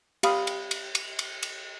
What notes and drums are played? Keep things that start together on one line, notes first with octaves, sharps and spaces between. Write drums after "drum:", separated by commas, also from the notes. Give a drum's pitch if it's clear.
G4 F5 B5 D#6, drum: cymbal
drum: cymbal
drum: cymbal
drum: cymbal
drum: cymbal
drum: cymbal